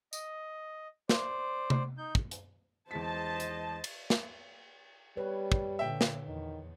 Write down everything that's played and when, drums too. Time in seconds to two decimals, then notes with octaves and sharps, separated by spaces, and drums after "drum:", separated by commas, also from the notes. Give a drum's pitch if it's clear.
0.13 D#5, drum: tambourine
1.09 C5 D5, drum: snare
1.70 drum: tom C3
1.98 D#4 G6
2.15 drum: kick
2.31 drum: hi-hat
2.91 E2 G#3 C5 D#5 A5 B6
3.40 drum: hi-hat
3.84 drum: cymbal
4.10 drum: snare
5.17 G3 B4 C#5
5.52 drum: kick
5.79 A#2 D3 E5 G5
6.01 drum: snare
6.26 E2 D#3